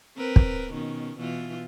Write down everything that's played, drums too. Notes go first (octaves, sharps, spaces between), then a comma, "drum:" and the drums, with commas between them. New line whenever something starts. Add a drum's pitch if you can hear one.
C4 A#4 B4
drum: kick
B2 D#3 C#4
B2 E3 F4